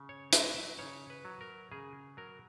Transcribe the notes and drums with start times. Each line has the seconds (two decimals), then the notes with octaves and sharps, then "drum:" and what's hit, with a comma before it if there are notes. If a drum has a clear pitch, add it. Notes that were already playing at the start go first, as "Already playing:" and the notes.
Already playing: C#3
0.09 C#5
0.33 F#3 D#5, drum: hi-hat
0.56 E5
0.79 C#3 C#5
1.10 B4
1.25 F#3
1.41 A#4
1.72 C#3 G#4
2.17 F#3 A#4